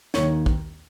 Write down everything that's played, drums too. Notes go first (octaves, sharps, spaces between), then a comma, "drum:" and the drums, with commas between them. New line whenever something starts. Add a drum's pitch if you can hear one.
D#2 D#3 C#5, drum: snare
drum: kick